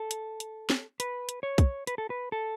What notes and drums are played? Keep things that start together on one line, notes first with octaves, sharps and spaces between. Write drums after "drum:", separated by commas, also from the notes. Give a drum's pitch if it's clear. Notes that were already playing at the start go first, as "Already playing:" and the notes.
Already playing: A4
drum: hi-hat
drum: hi-hat
drum: snare
B4, drum: hi-hat
drum: hi-hat
C#5
drum: kick, hi-hat
B4, drum: hi-hat
A4
B4
A4